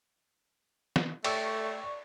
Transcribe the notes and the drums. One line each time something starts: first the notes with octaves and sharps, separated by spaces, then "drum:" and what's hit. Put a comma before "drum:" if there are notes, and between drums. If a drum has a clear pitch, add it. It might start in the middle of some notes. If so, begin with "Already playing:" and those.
drum: snare
A3 D5 G5 C#6 E6 A6, drum: cymbal